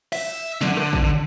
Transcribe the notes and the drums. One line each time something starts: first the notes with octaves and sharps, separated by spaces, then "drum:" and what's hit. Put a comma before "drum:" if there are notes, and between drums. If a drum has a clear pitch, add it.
E5, drum: cymbal
D3, drum: snare
drum: rim click
drum: kick A1